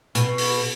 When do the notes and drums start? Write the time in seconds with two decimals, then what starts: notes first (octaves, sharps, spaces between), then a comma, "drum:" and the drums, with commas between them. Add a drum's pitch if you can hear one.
0.15 B2, drum: hi-hat
0.38 drum: open hi-hat